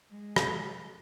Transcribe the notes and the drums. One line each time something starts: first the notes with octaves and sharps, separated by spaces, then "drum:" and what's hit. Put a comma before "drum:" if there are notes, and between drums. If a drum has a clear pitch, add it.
G#3
drum: rim click